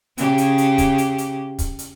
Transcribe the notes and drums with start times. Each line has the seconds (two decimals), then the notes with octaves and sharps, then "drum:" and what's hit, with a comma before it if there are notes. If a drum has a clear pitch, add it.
0.18 C#3 G4, drum: hi-hat
0.38 drum: hi-hat
0.58 drum: hi-hat
0.78 drum: kick, hi-hat
0.98 drum: hi-hat
1.18 drum: hi-hat
1.59 drum: kick, hi-hat
1.79 drum: hi-hat